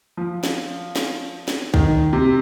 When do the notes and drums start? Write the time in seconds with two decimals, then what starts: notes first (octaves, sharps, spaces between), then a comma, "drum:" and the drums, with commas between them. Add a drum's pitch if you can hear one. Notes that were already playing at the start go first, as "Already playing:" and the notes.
0.17 F3
0.44 drum: snare
0.96 drum: snare
1.48 drum: snare
1.74 D#3, drum: kick
2.13 C3